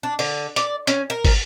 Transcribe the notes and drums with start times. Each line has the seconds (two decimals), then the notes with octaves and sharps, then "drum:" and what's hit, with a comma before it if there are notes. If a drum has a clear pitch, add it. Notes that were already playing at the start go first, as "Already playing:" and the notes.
0.03 D4
0.19 D3, drum: open hi-hat
0.56 D5, drum: hi-hat
0.87 C#4, drum: hi-hat
1.10 A#4
1.25 drum: kick, open hi-hat